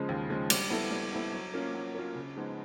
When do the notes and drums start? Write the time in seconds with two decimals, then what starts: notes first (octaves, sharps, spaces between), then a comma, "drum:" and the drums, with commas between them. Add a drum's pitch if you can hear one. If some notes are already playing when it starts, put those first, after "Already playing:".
Already playing: C#3 F3 G#3
0.09 D#2
0.29 C#3 F3 G#3
0.50 G3, drum: cymbal
0.70 B3 E4 A4
0.91 G3
1.12 B3 E4 A4
1.32 F#3
1.54 A#3 C#4 F4
1.74 F#3
1.95 A#3 C#4 F4
2.15 C#3
2.36 F3 G#3 B3 D#4